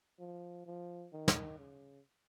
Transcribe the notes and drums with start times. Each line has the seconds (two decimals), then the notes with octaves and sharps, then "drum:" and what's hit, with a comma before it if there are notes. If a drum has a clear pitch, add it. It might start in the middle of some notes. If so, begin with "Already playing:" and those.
0.19 F3
0.66 F3
1.13 D#3
1.28 drum: snare
1.58 C#3